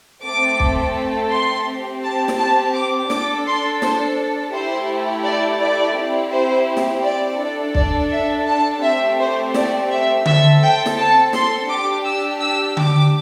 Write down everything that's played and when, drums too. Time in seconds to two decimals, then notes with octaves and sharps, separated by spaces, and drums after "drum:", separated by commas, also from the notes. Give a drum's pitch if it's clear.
0.24 A3 C4 A4 D6
0.60 drum: kick
1.31 C6
1.67 C4 G4
2.03 A5
2.28 drum: snare
2.38 A5
2.74 D6
3.10 D4 A4 D6, drum: snare
3.46 C6
3.82 C5, drum: snare
4.53 A3 E4 G4 C5
5.24 D5
5.60 D5
5.96 C4 E4 G4
6.32 C5
6.77 drum: snare
7.04 D5
7.39 D4 A4 D5
7.75 D5, drum: kick
8.10 E5
8.47 A5
8.82 A3 C4 G4 E5
9.18 C5
9.54 D5, drum: snare
9.90 E5
10.25 C4 A4 E5, drum: tom D3
10.62 G5
10.86 drum: snare
10.98 A5
11.33 C6, drum: snare
11.69 D4 G4 D6
12.04 E6
12.41 E6
12.77 D6, drum: tom D3